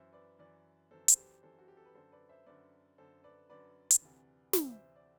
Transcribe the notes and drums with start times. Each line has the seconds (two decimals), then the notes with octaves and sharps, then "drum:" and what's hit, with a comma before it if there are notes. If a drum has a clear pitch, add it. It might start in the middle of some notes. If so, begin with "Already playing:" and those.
Already playing: F#2 E3 C5 E5
0.13 B4 D5
0.39 F#2 E3 B4 D5
0.91 F#2 E3 A4 C5
1.08 C5, drum: hi-hat
1.16 G4 B4
1.43 F#2 E3 A4 C5
1.59 F#4
1.68 G4
1.77 A4
1.85 B4
1.95 F#2 D3 A4 C5
2.12 B4 D5
2.29 C5 E5
2.46 F#2 D3 B4 D5
2.98 F#2 D3 A4 C5
3.24 B4 D5
3.50 F#2 D3 B4 D5
3.91 drum: hi-hat
4.02 D2 C3 E3
4.53 D2 C3 E3 C5 E5, drum: snare
4.71 C5 E5
4.96 D5